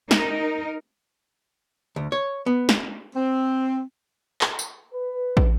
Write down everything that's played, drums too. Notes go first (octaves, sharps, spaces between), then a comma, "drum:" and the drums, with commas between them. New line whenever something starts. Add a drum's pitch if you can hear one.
D#4 A#4, drum: snare
D2
C#5
B3
drum: snare
C4
drum: clap
drum: tambourine
B4
drum: kick